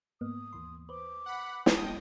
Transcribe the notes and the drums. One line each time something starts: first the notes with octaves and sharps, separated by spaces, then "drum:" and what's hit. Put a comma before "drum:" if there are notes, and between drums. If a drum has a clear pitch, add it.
G#2 A#3 B3 D#6
D#2 E3 C6
B4 C5 D6
F#5 B5
D#5 G5 A5 D#6, drum: snare